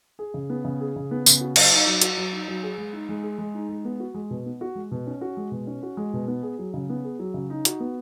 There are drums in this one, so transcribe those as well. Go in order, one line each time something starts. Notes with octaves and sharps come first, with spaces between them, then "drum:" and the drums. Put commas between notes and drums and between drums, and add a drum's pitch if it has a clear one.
G#4
C#3
B3
C#3
G#4
C#3
B3
C#3, drum: tambourine
F#4
F#3, drum: cymbal
D#4
F#3
F#4, drum: hi-hat
F#3
D#4
F#3
G#4
G#3
D#4
G#3
G#4
G#3
D#4
G#3
B3
F#4
G#3
B2
B3
F#4
G#3
B2
C#4
F#4
G#3
B2
C#4
F#4
G#3
B2
B3
G#4
F#3
C#3
B3
G#4
F#3
C#3
D#4
F#4, drum: hi-hat
B3